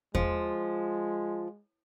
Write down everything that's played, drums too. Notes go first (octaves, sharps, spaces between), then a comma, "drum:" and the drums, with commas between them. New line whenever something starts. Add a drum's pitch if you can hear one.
F3 G#3, drum: kick E2